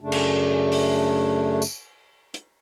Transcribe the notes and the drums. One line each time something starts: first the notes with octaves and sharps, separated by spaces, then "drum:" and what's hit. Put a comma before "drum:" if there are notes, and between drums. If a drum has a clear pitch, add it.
F#2 C#3 A3 D4
drum: cymbal
drum: open hi-hat
drum: tambourine
drum: hi-hat